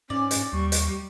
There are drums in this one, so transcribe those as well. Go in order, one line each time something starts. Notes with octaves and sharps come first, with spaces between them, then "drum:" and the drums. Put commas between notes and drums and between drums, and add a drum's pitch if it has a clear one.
G#2 C#4 D5
drum: hi-hat
D#2 G3 C#6
drum: hi-hat